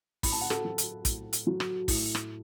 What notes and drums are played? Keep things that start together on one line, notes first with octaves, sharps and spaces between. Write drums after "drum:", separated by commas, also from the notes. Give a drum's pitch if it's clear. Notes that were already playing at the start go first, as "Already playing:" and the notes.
A2 B5, drum: kick, open hi-hat
A5
F#5
A4 A5, drum: rim click
F#3
drum: hi-hat
A2, drum: kick, hi-hat
drum: hi-hat
F#3
drum: rim click
A2, drum: kick, open hi-hat
drum: rim click